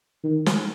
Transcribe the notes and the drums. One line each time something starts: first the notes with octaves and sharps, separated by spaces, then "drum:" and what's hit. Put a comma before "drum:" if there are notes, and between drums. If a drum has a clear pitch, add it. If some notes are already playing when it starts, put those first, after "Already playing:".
D#3
drum: snare